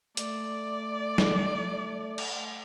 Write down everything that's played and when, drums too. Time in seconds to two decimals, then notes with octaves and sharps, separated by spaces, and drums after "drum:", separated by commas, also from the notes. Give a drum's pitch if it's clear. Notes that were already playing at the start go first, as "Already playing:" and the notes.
0.17 A3 D5, drum: hi-hat
1.18 drum: snare G3
2.18 drum: cymbal